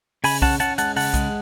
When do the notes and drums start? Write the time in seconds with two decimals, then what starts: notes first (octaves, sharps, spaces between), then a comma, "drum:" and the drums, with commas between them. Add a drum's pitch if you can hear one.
0.24 C#3 G#5 B5, drum: open hi-hat
0.42 C#4 F#5 A5, drum: kick B1
0.60 C#4 F#5 A5, drum: hi-hat
0.78 G#3 F#5 A5, drum: hi-hat
0.96 C#3 F#5 A5, drum: open hi-hat
1.14 G#3, drum: kick B1, hi-hat